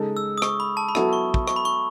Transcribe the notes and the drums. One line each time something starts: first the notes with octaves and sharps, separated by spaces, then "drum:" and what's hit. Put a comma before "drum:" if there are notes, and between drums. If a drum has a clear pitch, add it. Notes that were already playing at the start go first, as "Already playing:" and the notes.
Already playing: C#3 G#3 D#4 A4
E6
D#6
C#6, drum: rim click
B5
A5
B5
F#3 B3 E4 A4 A5, drum: rim click
C#6
drum: kick
C#6, drum: rim click
B5
C#6